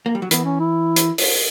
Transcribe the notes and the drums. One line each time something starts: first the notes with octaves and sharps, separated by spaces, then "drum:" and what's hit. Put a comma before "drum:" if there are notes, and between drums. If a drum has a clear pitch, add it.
A#3
G3
F#3
E3 B3, drum: hi-hat
C#4
E4
drum: hi-hat
drum: open hi-hat